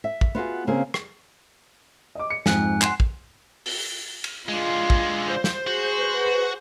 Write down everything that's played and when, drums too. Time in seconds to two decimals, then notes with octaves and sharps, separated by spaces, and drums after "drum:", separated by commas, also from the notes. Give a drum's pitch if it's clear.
0.04 E5
0.21 drum: kick
0.35 B3 F4 F#4 G#4
0.67 C#3 A#3 C4 G#4
0.94 drum: rim click
2.15 D#5 D6
2.30 C#7
2.46 F2 G#2 G#5 F#6, drum: snare
2.81 F#5 C6 C7 E7, drum: clap
3.00 drum: kick
3.66 drum: open hi-hat
4.24 drum: cymbal
4.49 D3 G#3 F4
4.90 drum: kick
5.27 C5
5.44 drum: snare
5.67 F#4 G#4
5.98 B4